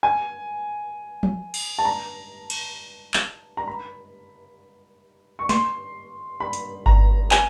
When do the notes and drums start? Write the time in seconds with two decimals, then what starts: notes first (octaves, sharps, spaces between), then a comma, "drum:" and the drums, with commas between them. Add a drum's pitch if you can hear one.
0.03 G#5
1.23 drum: tom
1.54 drum: cymbal
1.78 A5
1.85 A#5
2.50 drum: cymbal
3.14 drum: clap
3.57 A#5
3.67 B5
5.39 C#6
5.49 C6, drum: snare
6.40 B5
6.53 drum: hi-hat
6.86 A#5, drum: kick G1
7.31 G#5, drum: clap